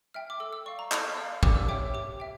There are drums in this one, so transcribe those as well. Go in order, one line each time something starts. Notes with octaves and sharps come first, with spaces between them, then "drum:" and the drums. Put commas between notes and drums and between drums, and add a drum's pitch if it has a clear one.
E5 G5 F6
D6
A4 E6
E6
D5 F5 C#6
A#5
A4 C#6, drum: clap
D5 F5
G4 D6, drum: kick
E6
C#5 E5 G5 D6
G4 D6
E5 G5